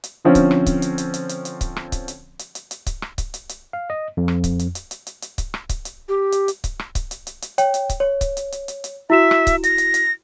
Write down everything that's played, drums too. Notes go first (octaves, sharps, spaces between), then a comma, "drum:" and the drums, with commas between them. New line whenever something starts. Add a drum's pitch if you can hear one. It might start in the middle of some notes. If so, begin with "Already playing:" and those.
drum: hi-hat
D3 F3 C4 C#4
drum: kick C#1, hi-hat
drum: rim click
drum: kick C#1, hi-hat
drum: hi-hat
drum: hi-hat
drum: hi-hat
drum: hi-hat
drum: hi-hat
drum: kick C#1, hi-hat
drum: rim click
drum: kick C#1, hi-hat
drum: hi-hat
drum: hi-hat
drum: hi-hat
drum: hi-hat
drum: kick C#1, hi-hat
drum: rim click
drum: kick C#1, hi-hat
drum: hi-hat
drum: hi-hat
F5
D#5
F2
drum: rim click
drum: kick C#1, hi-hat
drum: hi-hat
drum: hi-hat
drum: hi-hat
drum: hi-hat
drum: hi-hat
drum: kick C#1, hi-hat
drum: rim click
drum: kick C#1, hi-hat
drum: hi-hat
G4
drum: hi-hat
drum: hi-hat
drum: kick C#1, hi-hat
drum: rim click
drum: kick C#1, hi-hat
drum: hi-hat
drum: hi-hat
drum: hi-hat
C#5 G5, drum: hi-hat
drum: hi-hat
drum: kick C#1, hi-hat
C#5
drum: kick C#1, hi-hat
drum: hi-hat
drum: hi-hat
drum: hi-hat
drum: hi-hat
E4 F#4 E5 E7
drum: rim click
drum: kick C#1, hi-hat
A#6, drum: hi-hat
drum: hi-hat
drum: hi-hat